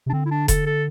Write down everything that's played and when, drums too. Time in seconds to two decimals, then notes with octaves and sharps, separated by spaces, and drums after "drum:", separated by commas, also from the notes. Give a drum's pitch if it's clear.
0.06 C3
0.10 D4
0.13 D3 C4
0.26 E4
0.31 D4
0.48 A4, drum: kick F1, hi-hat
0.66 A4